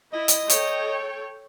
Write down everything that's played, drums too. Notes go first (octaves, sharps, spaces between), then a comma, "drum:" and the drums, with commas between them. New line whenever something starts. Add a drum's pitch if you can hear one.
E4 D#5
drum: hi-hat
A4 C#5 G5, drum: hi-hat